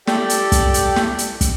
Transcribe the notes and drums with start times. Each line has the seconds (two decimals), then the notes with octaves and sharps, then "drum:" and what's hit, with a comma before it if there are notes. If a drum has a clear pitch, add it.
0.07 G4 A4 D5 G5, drum: snare
0.30 drum: hi-hat
0.52 drum: kick, hi-hat
0.74 drum: hi-hat
0.96 drum: snare
1.18 drum: hi-hat
1.41 drum: kick, hi-hat